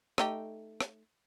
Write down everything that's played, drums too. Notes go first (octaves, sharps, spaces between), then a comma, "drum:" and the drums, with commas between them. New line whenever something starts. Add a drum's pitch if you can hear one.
A3 D#4 G4, drum: rim click
drum: rim click